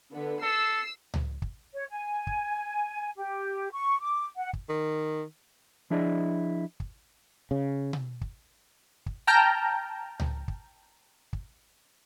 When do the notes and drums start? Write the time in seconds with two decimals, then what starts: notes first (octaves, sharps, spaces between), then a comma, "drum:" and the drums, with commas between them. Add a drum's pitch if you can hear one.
0.13 D3 B3
0.43 A4 E6 C7
1.14 drum: tom C#2
1.42 drum: kick
1.74 C#5
1.90 G#5
2.27 drum: kick
3.17 G4
3.71 C#6
4.00 D6
4.37 F#5
4.53 drum: kick
4.69 D#3
5.90 F3 D4 E4 G#4 D5 D#5
6.80 drum: kick
7.51 C#3
7.93 drum: tom B2
8.21 drum: kick
9.06 drum: kick
9.27 G5 A5 A#5 F6 G6 A#6
10.20 drum: tom C#2
10.48 drum: kick
11.33 drum: kick